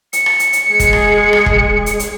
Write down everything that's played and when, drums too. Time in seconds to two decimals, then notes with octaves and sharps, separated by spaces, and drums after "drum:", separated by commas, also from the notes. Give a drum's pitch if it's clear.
0.13 C#7, drum: hi-hat
0.26 drum: rim click
0.39 drum: hi-hat
0.53 drum: hi-hat
0.70 G#3 G#4
0.80 drum: kick, hi-hat
0.93 drum: rim click
1.33 drum: rim click
1.46 drum: kick
1.86 drum: hi-hat
2.00 drum: hi-hat